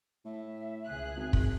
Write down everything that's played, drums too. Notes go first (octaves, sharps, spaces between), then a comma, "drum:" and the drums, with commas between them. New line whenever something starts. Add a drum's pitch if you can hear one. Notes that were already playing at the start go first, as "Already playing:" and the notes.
A2 E5
C#2 G#4 F#6
G#1
drum: kick